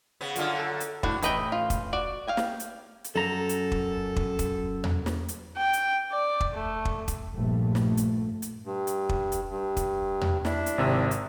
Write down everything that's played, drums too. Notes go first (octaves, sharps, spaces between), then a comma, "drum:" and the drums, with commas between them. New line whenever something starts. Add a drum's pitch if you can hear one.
C#3 B3
F#2 D3 F4, drum: hi-hat
A4
drum: hi-hat
A2 D4 F#4 F#5, drum: kick
A1 A3 D#4 B4 G5 A#5, drum: hi-hat
F4
drum: kick, hi-hat
F#4 D5
F5 G5 G#5
drum: snare
drum: hi-hat
drum: hi-hat
F#2 A4 A#5
drum: hi-hat
drum: kick
drum: kick
drum: kick, hi-hat
drum: tom E2
drum: snare
drum: hi-hat
G5
drum: hi-hat
D5
drum: kick
A3
drum: kick
drum: kick, hi-hat
A#1 G2 A3
drum: snare
drum: hi-hat
drum: hi-hat
G2
drum: hi-hat
drum: kick
drum: hi-hat
G2
drum: kick, hi-hat
drum: tom E2
D4 E4, drum: snare
drum: hi-hat
G#1 C3 E6
drum: hi-hat